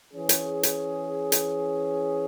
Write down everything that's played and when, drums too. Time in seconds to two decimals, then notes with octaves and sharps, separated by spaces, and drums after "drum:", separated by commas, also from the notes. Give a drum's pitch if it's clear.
0.12 E3 C#4 G#4
0.29 drum: hi-hat
0.63 drum: hi-hat
1.32 drum: hi-hat